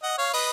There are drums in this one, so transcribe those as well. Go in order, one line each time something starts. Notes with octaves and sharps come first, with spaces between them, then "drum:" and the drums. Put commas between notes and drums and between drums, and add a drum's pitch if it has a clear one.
D#5 F#5
C#5 F5
B4 D#5, drum: open hi-hat